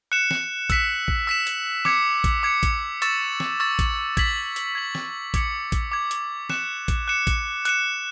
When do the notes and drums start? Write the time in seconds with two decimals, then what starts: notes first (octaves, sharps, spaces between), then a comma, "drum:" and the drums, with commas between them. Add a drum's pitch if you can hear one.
0.12 F#6 C#7 E7
0.31 drum: snare
0.70 E6 B6 E7, drum: kick, hi-hat
1.08 drum: kick
1.27 E6 B6 E7
1.47 drum: hi-hat
1.85 D6 G#6 C#7, drum: snare
2.24 drum: kick, hi-hat
2.43 D6 G#6 C#7
2.63 drum: kick, hi-hat
3.02 C#6 E6 A6 E7, drum: hi-hat
3.40 drum: snare
3.60 C#6 E6 A6 E7
3.79 drum: kick, hi-hat
4.17 G#6 B6 F#7, drum: kick, hi-hat
4.56 drum: hi-hat
4.75 G#6 B6 F#7
4.95 drum: snare
5.34 D6 G#6 C#7, drum: kick, hi-hat
5.72 drum: kick, hi-hat
5.92 D6 G#6 C#7
6.11 drum: hi-hat
6.50 F#6 C#7 E7, drum: snare
6.88 drum: kick, hi-hat
7.08 F#6 C#7 E7
7.27 drum: kick, hi-hat
7.65 F#6 C#7 E7, drum: hi-hat